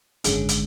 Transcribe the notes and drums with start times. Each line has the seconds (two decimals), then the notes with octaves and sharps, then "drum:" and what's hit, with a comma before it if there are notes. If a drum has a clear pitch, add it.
0.24 G#1 F#2 D3 G#3 C#4, drum: hi-hat
0.49 drum: hi-hat